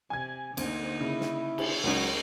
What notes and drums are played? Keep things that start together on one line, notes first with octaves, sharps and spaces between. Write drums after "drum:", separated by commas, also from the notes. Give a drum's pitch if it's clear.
C3 G#5 G#6
D2 D3 A#3 C4 D#4, drum: cymbal
C#3 E4
drum: snare
drum: cymbal
C#2 F#3 C#4 D#4 A#4